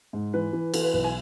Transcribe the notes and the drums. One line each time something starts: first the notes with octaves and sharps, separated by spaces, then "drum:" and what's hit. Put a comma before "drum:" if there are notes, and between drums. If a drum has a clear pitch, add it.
G#2
E3 B4
E3
E3 A4, drum: cymbal
B4
B1 B4
G#5